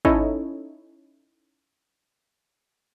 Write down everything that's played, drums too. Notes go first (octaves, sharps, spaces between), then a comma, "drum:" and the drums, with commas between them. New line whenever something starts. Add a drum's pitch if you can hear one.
C#4 D#4 E4 A4 C#5 D#5, drum: kick G#1